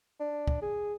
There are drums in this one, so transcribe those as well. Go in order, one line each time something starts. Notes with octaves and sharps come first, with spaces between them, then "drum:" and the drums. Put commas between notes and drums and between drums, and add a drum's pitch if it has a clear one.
D4
drum: kick
G#4